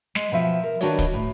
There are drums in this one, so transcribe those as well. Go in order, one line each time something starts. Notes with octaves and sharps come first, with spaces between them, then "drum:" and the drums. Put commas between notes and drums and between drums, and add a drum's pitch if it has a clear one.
G#3, drum: snare
B2 F3 E5
A#4
D#3 D4 F#4 B4 C#5 D5, drum: hi-hat
drum: kick, hi-hat
A2